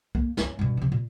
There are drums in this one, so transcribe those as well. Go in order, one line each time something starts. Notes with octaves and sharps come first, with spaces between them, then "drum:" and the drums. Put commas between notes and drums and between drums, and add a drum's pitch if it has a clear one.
A#3, drum: kick
C4 C#4, drum: snare
G2 B2
C3 F3
A#2